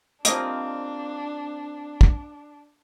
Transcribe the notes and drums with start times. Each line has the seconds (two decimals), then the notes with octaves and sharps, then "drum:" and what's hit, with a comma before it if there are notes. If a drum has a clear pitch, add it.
0.25 F3 G3 A#3 C4 D4 D#5, drum: hi-hat
2.01 drum: kick